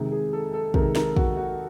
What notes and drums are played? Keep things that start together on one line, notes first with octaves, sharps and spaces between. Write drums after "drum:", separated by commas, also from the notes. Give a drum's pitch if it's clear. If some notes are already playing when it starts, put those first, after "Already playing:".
Already playing: C3 D#3 G#3
G#4
A4
A4
C3 D#3 G#3 A#4, drum: kick
A#4, drum: snare
F#4, drum: kick
F#4